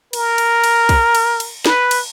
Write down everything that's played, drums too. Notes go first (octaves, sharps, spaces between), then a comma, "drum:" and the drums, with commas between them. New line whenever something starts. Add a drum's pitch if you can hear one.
A#4, drum: cymbal
drum: cymbal
drum: cymbal
drum: kick, cymbal
drum: cymbal
drum: cymbal
B4, drum: snare
drum: cymbal